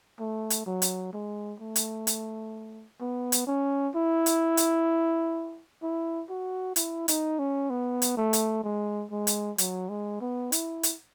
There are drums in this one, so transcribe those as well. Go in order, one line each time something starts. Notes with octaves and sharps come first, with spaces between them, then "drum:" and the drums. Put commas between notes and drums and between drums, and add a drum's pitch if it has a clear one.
A3
drum: hi-hat
F#3
drum: hi-hat
G#3
A3
drum: hi-hat
drum: hi-hat
B3
drum: hi-hat
C#4
E4
drum: hi-hat
drum: hi-hat
E4
F#4
E4, drum: hi-hat
D#4, drum: hi-hat
C#4
B3
drum: hi-hat
A3
drum: hi-hat
G#3
G#3
drum: hi-hat
F#3, drum: hi-hat
G#3
B3
E4, drum: hi-hat
drum: hi-hat